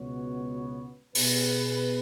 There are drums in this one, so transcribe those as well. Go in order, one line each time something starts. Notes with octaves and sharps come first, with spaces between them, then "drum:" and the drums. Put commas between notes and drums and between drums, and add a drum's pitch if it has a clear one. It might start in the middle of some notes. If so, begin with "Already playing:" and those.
Already playing: C#2 B2 B3 F#4 C#5
B2 B3 G#4 B4, drum: open hi-hat